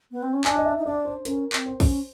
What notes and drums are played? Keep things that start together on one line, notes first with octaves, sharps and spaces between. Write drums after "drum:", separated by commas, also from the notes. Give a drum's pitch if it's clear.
B3
C4
C#4
D4 G#5, drum: clap
D#5
E5
D#4
D4 D5
C5
C#4 A#4, drum: hi-hat
C4, drum: clap
C5
C#4, drum: kick, open hi-hat